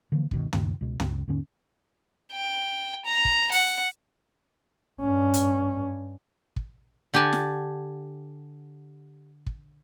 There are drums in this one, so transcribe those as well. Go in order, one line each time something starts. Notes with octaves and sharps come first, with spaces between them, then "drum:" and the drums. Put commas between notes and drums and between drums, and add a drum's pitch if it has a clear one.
D3 E3 F3 A#3
C#2 G2 B2 D#3, drum: kick
D2 G2 A#2 D#3, drum: tom
C#2 B2
C#2, drum: tom
D#2 G#2 D3 C#4
G5
A#5
drum: kick
F#5, drum: open hi-hat
G2 C#4
drum: hi-hat
drum: kick
D3 G4 F#5 G#5 A5
drum: snare
drum: kick